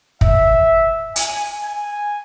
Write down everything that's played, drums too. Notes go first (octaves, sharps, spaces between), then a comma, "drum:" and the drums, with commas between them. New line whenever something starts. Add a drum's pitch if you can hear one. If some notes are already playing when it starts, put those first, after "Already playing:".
E5, drum: kick
G#5, drum: hi-hat
G#5